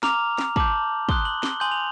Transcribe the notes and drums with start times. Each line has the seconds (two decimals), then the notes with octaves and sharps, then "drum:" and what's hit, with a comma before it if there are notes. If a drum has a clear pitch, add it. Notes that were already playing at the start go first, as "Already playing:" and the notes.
0.03 A#5 D6 F6 F7, drum: snare
0.38 drum: snare
0.56 A5 D6 G6 F#7, drum: kick
1.09 C6 D#6 F#6 G7, drum: kick
1.25 F#7
1.43 G7, drum: snare
1.60 G#5 C6 D#6 G6 F#7
1.71 F7